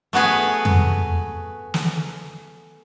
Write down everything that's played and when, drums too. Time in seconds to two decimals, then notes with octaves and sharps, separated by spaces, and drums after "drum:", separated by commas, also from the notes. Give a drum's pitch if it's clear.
0.13 A3 B3 F#4 G#4 B4
0.65 drum: tom
1.74 drum: snare